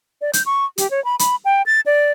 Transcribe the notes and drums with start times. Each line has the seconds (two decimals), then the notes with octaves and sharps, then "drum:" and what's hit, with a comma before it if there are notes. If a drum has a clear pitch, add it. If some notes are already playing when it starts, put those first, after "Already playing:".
0.21 D5
0.33 G6, drum: hi-hat
0.46 C#6
0.78 G4, drum: hi-hat
0.91 C#5
1.05 B5
1.19 B5, drum: hi-hat
1.45 G5
1.66 A6
1.86 D5